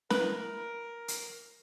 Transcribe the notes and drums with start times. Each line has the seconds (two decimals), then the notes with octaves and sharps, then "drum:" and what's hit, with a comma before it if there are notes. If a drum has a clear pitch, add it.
0.10 E4 A#4 B4, drum: snare
1.08 drum: hi-hat